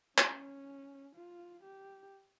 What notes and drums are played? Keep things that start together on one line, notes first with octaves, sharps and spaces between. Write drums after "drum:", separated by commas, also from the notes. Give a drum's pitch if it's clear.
C#4, drum: clap
F4
G4